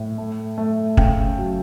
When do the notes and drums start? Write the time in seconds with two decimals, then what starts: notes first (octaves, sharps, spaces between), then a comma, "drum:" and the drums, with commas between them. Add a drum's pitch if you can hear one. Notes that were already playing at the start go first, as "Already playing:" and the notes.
Already playing: A2
0.18 A3
0.58 A3
0.97 C#3 G5, drum: kick
1.37 F#3